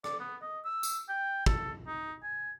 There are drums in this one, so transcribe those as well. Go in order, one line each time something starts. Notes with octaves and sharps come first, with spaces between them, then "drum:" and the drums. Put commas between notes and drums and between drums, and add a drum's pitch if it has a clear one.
D5, drum: rim click
B3
D#5
E6
drum: tambourine
G5
A4, drum: kick
D#4
G#5